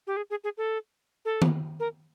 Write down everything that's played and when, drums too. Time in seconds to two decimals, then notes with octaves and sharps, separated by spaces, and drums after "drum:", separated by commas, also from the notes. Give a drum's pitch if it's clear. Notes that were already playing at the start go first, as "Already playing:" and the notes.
0.07 G4
0.17 G#4
0.30 G#4
0.44 G#4
0.57 A4
1.25 A4
1.42 drum: tom D#3
1.80 A#4